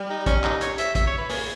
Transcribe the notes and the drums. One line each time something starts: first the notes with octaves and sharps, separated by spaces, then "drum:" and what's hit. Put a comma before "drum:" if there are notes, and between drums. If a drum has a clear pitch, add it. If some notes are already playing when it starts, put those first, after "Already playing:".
Already playing: G3
D#4
C#4, drum: kick, hi-hat
D#4, drum: clap
C#5, drum: hi-hat
E5, drum: hi-hat
E5, drum: kick, hi-hat
C#5
B4
A#3 G#4, drum: open hi-hat